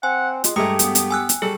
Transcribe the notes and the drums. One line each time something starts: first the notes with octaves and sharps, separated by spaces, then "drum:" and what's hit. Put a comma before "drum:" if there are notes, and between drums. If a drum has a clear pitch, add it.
C4 F#5 G#5
G#3 F4, drum: hi-hat
G2 G#3 A3 G4 A#5 D#6 C#7
B3, drum: hi-hat
drum: hi-hat
G#5 E6 F#6
drum: hi-hat
G3 G#4 A4